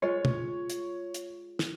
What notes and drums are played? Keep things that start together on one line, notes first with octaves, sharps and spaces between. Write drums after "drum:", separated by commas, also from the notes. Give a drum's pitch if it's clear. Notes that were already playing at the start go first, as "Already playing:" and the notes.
G#3 F4 C#5
drum: tom
drum: hi-hat
drum: hi-hat
drum: snare